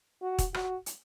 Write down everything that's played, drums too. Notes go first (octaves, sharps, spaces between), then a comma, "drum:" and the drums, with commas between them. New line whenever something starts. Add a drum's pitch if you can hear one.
F#4
drum: kick, hi-hat
F#4, drum: rim click
drum: hi-hat